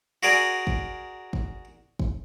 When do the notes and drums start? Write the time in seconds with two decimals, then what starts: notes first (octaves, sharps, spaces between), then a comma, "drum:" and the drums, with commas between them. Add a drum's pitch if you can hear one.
0.23 F#4 G#4 A#4 D5 G#5
0.67 drum: kick
1.33 drum: kick
1.99 drum: kick